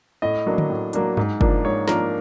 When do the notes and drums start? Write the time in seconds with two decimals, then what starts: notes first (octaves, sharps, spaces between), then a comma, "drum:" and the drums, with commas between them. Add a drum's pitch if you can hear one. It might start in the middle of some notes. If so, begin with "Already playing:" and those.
0.22 A2 D#5
0.46 F#3 A#3 D4
0.58 drum: tom D3
0.70 A2
0.93 F#3 A#3 D4, drum: hi-hat
1.17 G#2, drum: tom G2
1.41 F3 A#3 D4, drum: kick
1.64 G#2 C#5
1.88 F3 A#3 D4 A#4, drum: snare